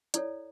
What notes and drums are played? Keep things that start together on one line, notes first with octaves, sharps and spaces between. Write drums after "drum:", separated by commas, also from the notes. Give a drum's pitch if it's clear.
E4 A4 C#5 D5, drum: hi-hat